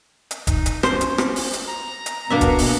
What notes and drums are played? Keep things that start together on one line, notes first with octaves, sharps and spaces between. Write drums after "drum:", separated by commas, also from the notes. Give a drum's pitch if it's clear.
drum: hi-hat
D#4, drum: kick E1, hi-hat
drum: hi-hat
C#4 C5, drum: rim click
drum: hi-hat
drum: rim click
drum: open hi-hat
drum: hi-hat
A#5
drum: hi-hat
B2 A#3 D4 E5
drum: kick E1, hi-hat
drum: open hi-hat